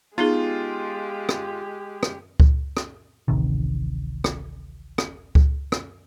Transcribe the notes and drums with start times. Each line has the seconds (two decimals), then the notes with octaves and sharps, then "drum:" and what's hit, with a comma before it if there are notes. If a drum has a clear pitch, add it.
0.18 G#3 B3 D#4 F4 G4 G#4
1.29 drum: rim click
2.03 drum: rim click
2.40 drum: kick C#2
2.77 drum: rim click
3.28 D1 A1 C3 D#3
4.24 drum: rim click
4.98 drum: rim click
5.35 drum: kick C#2
5.72 drum: rim click